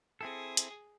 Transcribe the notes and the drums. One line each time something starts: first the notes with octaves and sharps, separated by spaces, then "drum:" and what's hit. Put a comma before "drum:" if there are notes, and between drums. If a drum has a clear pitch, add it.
C4 E4 G#4 A4
drum: hi-hat